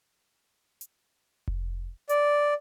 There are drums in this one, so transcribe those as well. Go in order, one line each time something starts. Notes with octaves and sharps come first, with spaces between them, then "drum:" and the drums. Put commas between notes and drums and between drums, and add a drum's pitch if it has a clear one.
drum: hi-hat
drum: kick F1
D5, drum: hi-hat